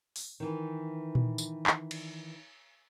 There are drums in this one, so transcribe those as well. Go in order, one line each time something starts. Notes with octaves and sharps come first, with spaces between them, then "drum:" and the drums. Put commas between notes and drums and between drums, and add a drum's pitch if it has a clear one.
drum: open hi-hat
D#3 E3
drum: tom A#2
drum: tambourine
drum: clap
drum: cymbal